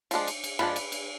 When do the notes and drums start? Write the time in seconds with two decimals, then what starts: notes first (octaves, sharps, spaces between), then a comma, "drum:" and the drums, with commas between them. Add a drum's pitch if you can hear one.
0.11 F3 G#3 D4, drum: cymbal
0.27 drum: cymbal
0.44 drum: cymbal
0.59 F3 G#3 D4 B4, drum: rim click
0.76 drum: cymbal
0.92 drum: cymbal